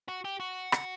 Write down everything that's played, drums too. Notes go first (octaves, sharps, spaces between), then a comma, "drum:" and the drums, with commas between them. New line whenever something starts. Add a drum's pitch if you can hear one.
F#4
G4
F#4
drum: rim click